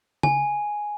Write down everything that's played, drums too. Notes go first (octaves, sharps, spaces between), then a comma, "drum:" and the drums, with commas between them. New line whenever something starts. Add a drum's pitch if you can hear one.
G#5, drum: tom C#3